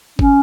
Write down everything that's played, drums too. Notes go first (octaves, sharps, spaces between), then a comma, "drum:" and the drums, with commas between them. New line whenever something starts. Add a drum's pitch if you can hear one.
C#4, drum: kick G1